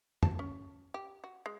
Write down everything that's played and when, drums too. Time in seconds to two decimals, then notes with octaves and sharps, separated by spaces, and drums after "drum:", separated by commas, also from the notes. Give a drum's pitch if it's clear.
0.23 A5, drum: tom
0.39 C#4
0.94 G4
1.24 F#4
1.46 G#3